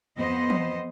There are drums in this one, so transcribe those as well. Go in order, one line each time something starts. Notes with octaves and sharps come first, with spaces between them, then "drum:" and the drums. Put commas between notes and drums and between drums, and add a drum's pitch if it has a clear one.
F2 B3 C5 D#5
drum: tom E3